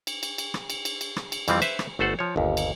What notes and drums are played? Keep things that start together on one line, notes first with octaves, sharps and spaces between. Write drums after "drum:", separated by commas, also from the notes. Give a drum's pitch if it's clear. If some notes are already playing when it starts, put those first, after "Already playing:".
drum: cymbal
drum: cymbal
drum: cymbal
drum: rim click
drum: cymbal
drum: cymbal
drum: cymbal
drum: rim click
drum: cymbal
F2 E3 F3 G3 C4, drum: cymbal
B4 C5 E5, drum: cymbal
drum: rim click
G1 A3 A4 C5 F#5
F3 C#5
G1 D#2
drum: cymbal